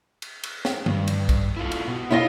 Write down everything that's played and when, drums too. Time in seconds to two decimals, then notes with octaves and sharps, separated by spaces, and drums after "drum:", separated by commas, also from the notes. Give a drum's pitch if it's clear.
0.22 drum: cymbal
0.44 drum: cymbal
0.65 drum: snare
0.86 G2, drum: tom D3
1.08 drum: cymbal
1.29 drum: kick, cymbal
1.57 E4 F4 A4
1.72 drum: cymbal
1.87 B2
2.11 E4 F4 C#5 D#5